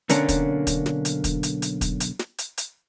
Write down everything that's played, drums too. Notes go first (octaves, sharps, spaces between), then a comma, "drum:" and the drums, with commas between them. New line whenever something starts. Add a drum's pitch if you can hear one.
B1 D3 A#3 C#4 D4, drum: hi-hat
drum: kick, hi-hat
drum: kick, hi-hat
drum: snare
drum: hi-hat
drum: kick, hi-hat
drum: hi-hat
drum: hi-hat
drum: kick, hi-hat
drum: hi-hat
drum: snare
drum: hi-hat
drum: hi-hat